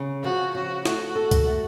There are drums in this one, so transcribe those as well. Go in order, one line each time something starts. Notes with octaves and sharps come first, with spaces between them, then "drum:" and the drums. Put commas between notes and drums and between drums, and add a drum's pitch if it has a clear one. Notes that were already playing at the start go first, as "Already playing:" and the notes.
Already playing: C#3
F3 F#4
C#3 F#4
A3 F#4, drum: snare
A4
drum: kick, hi-hat
A3